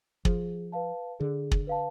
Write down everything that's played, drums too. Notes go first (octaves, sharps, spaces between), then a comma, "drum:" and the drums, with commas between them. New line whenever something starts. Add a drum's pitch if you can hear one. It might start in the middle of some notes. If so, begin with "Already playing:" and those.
F3 G#4, drum: kick
B4 F5 A5
D3 G#4
drum: kick
B4 F5 A5